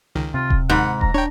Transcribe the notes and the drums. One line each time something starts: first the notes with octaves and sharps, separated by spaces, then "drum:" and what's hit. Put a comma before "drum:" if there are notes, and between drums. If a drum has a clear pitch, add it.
C#2 D#3
C3 F4
drum: kick D#1
D#2 G#2 D#4 F#5 B5
A#5, drum: kick D#1
D4 C#5 G5